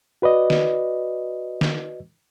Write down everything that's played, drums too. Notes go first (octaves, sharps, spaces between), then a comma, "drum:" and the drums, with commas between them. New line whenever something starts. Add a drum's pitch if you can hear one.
F#4 B4 D5 D#5
drum: snare
drum: snare